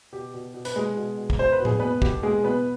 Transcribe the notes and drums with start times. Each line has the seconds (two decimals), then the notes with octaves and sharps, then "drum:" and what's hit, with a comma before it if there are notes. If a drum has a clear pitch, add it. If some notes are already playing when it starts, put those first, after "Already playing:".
0.12 B2 G4
0.34 B2
0.54 B2
0.65 B4, drum: hi-hat
0.76 B2 G#3 G#4
0.97 B2
1.18 B2
1.30 drum: kick
1.39 B2 C5
1.52 B4
1.60 B2
1.65 G#4, drum: tom A2
1.79 B2 B3 B4
2.02 B2 G4, drum: kick
2.23 B2 G#3 G#4
2.44 B2 B3 B4